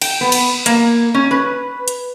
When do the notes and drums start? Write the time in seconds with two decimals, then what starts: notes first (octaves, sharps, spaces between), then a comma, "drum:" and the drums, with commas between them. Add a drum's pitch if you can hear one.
0.02 G5, drum: cymbal
0.21 B3
0.32 drum: cymbal
0.66 A#3, drum: hi-hat
1.14 C#4
1.31 B4
1.88 drum: hi-hat